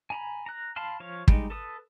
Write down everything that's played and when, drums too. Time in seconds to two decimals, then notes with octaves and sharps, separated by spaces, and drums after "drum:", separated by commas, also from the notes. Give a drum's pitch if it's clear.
0.10 G#5 A#5 B5
0.46 A#5 F#6
0.76 F5 A5 B5 C6 F6
1.00 F3 C#5 F5
1.28 G3 G#3 D#4, drum: kick
1.50 A4 B4 D#6